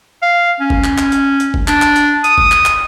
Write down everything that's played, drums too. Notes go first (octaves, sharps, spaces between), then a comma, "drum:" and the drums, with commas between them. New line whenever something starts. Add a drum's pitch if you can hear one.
F5
C#4
drum: kick
drum: clap
drum: clap
drum: hi-hat
drum: hi-hat
drum: kick
D4, drum: clap
drum: clap
drum: hi-hat
D#6, drum: hi-hat
drum: kick
drum: clap
drum: clap